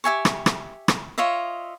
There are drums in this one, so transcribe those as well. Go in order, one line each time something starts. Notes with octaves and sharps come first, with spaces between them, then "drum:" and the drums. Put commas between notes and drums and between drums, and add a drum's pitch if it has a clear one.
G4 E5 G#5 C#6
drum: rim click
drum: rim click
drum: rim click
F4 C#5 D#5 E5